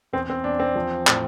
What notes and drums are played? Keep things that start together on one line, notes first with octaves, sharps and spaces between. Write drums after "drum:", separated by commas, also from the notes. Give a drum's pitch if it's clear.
E2 C4
C4
E2 D4
C4
F3
A2, drum: clap